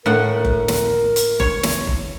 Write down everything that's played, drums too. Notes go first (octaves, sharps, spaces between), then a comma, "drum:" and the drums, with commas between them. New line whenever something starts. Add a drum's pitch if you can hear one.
A2 A#4 F#5
drum: kick F#1
drum: snare
drum: hi-hat
C#5, drum: kick F#1
drum: snare
drum: kick F#1